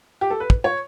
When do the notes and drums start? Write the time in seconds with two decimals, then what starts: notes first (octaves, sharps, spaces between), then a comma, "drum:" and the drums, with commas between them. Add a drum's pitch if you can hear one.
0.21 G4
0.30 A4
0.40 B4
0.50 drum: kick
0.64 C#5